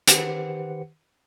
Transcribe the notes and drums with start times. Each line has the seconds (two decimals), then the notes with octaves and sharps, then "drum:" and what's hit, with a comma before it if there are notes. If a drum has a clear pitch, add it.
0.08 D#3 G4 B4 C5 F#5 C#7, drum: hi-hat